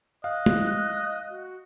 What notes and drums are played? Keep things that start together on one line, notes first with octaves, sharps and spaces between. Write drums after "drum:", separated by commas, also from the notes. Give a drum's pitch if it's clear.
D#5 F5 F#6
drum: tom G#3
F#4